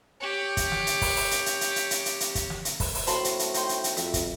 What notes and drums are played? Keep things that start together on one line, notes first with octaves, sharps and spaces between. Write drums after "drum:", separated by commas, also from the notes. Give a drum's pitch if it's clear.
G4 C#5
drum: kick, hi-hat
drum: snare
drum: hi-hat
drum: kick, open hi-hat
drum: open hi-hat
drum: hi-hat
drum: hi-hat
drum: hi-hat
drum: hi-hat
drum: hi-hat
drum: hi-hat
drum: hi-hat
drum: kick, hi-hat
drum: snare
drum: hi-hat
drum: kick, open hi-hat
drum: open hi-hat
A2 F#4 C5 A5 B5 C6, drum: hi-hat
drum: hi-hat
drum: hi-hat
D#4 G5 C6, drum: hi-hat
drum: hi-hat
drum: hi-hat
F2 E5, drum: hi-hat
drum: kick, hi-hat